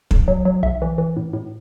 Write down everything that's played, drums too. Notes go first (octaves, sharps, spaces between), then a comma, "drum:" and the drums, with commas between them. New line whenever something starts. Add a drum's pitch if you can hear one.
B1, drum: kick
F#3
F#3
B1 E5
E3
E3
A2
A2